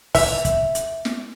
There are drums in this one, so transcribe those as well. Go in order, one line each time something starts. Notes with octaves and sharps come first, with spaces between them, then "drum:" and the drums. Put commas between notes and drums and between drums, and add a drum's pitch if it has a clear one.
E5, drum: kick, open hi-hat
drum: kick, hi-hat
drum: hi-hat
drum: snare